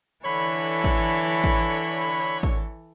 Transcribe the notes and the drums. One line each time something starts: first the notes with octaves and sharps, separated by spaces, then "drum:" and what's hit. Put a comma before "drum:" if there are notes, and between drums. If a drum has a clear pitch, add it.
D3 E3 A4 C#5 B5
drum: kick
drum: kick
drum: kick